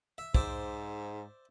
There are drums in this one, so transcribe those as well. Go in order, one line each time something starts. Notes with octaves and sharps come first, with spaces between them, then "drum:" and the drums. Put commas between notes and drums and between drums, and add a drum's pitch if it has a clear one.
E5
G#2 C5 D5 E5, drum: kick